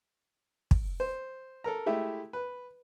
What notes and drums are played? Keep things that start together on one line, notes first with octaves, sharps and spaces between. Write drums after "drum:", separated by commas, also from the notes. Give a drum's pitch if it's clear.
drum: kick
C5
A4 A#4 A#5
G#3 A3 E4 G4 E5
B4